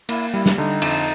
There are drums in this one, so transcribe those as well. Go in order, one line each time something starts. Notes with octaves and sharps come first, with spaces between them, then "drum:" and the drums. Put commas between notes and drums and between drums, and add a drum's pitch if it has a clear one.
A#3 E4, drum: cymbal
G3 E4
drum: snare
D3 D#4
F2, drum: cymbal